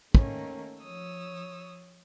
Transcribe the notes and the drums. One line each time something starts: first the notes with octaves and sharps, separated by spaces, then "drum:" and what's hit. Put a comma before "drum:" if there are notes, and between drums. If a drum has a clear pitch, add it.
D#3 A3 A#3 C#4, drum: kick
F3 C#5 D#6 E6